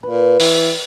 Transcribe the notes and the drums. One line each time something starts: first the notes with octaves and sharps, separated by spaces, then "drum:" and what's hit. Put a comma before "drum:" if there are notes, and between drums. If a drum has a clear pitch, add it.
A#2 B4
E3, drum: open hi-hat